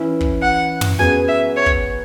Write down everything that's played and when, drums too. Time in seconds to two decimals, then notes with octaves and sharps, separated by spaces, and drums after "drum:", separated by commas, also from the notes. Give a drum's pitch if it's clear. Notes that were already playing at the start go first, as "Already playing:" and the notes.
Already playing: E3 C#4 E4
0.21 drum: kick
0.42 F#5
0.81 drum: tom
0.99 F#2 F#3 B3 G#4 G#5
1.28 E5
1.56 C#5
1.66 drum: kick